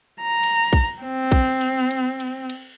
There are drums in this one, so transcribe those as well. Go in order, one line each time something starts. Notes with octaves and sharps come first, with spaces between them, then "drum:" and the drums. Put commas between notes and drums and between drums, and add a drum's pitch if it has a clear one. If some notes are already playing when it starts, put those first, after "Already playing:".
A#5
drum: cymbal
drum: kick A#1, cymbal
C4
drum: kick A#1, cymbal
drum: cymbal
drum: cymbal
drum: cymbal
drum: cymbal